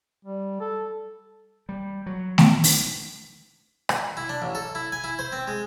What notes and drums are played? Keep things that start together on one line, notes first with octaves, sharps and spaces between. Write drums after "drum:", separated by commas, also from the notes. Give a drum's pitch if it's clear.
G3
A4
G3
F#3
A#2, drum: snare A3
drum: open hi-hat
drum: rim click
E4
D4
A1
A4
E4
G#5
E4
C5
C4
G#3